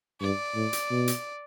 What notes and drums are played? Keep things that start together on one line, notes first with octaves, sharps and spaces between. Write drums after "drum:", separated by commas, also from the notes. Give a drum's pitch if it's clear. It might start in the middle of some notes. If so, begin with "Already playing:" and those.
G2 D5
A2
drum: hi-hat
B2
drum: hi-hat